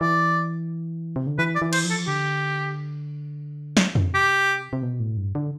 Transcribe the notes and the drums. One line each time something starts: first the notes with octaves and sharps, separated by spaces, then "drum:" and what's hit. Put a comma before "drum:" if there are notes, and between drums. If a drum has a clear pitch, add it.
E3 D5
C3
D3
E3 B4
D5
E3
C5, drum: cymbal
F3
A4
D3 G4
G3, drum: snare
F3
E3, drum: tom F2
D3
C3 G4
C3
B2
A2
G2
D3